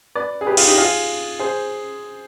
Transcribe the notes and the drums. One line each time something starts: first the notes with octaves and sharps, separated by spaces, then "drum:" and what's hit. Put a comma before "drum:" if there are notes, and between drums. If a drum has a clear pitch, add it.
B4 D5
G#4
G4 B4
F4 G#4, drum: cymbal
D#4 G4
F4 G#4
G#4 C5